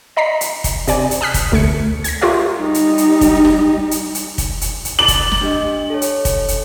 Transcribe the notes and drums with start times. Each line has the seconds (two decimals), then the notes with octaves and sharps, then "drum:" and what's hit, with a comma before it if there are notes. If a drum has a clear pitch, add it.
0.16 D5 D#5 A#5 B6 C7
0.41 drum: hi-hat
0.64 drum: kick, hi-hat
0.88 C3 D5 G#5, drum: hi-hat
1.11 drum: hi-hat
1.21 A5 D#6 F6 F#6 B6
1.34 drum: kick, hi-hat
1.52 D2 A3 G#6 C#7
2.04 G#6 A#6, drum: hi-hat
2.21 F4 G4 A#4 C#5 E5 F5
2.57 G3 D#4
2.74 drum: hi-hat
2.98 drum: hi-hat
3.21 drum: kick, hi-hat
3.45 drum: snare
3.91 drum: hi-hat
4.15 drum: hi-hat
4.38 drum: kick, hi-hat
4.61 drum: hi-hat
4.85 drum: hi-hat
4.99 D6 A6 F#7
5.08 drum: kick, hi-hat
5.31 drum: snare
5.41 D4 G4 D#5
5.90 A4 C#5
6.02 drum: hi-hat
6.25 drum: kick, hi-hat
6.48 drum: hi-hat